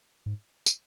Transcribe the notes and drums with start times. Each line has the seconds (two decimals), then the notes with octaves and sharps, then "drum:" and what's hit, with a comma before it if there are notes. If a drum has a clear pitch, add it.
0.26 G#2
0.66 drum: tambourine